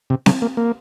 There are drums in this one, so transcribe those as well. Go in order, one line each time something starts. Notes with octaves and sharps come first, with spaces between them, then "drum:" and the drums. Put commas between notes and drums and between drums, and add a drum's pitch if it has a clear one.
C3
C#3, drum: snare C4
A#3
A#3